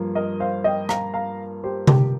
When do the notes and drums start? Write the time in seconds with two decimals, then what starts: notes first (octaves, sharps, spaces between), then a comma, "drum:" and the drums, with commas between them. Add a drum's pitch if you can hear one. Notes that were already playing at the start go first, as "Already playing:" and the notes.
Already playing: G2 F3 A#3
0.15 A#4 D#5
0.40 C5 F5
0.64 D#5 G5
0.89 F5 A#5, drum: rim click
1.14 F5 A#5
1.64 G4 C5
1.87 G4, drum: tom C3